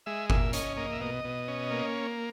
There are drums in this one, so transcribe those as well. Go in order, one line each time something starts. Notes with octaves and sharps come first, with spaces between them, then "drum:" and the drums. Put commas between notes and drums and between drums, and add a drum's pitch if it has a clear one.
G#3 E5
A#2 E5, drum: kick G1
C#4 D#5, drum: hi-hat
A#3 D#5
E5
B2 D#5
B2
C#4
A#3